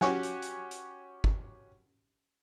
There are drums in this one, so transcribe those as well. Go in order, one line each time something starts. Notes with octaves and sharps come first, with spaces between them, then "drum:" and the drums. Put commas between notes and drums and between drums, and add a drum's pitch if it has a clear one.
C#4 F#4 G4 C#5 F#5 G#5, drum: snare
drum: hi-hat
drum: hi-hat
drum: hi-hat
drum: kick G1